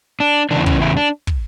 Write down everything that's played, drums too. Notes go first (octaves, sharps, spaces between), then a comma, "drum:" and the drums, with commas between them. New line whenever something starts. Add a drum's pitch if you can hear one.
D4
E2 C#3 E3 D4
C#4, drum: kick
E4
D4
drum: kick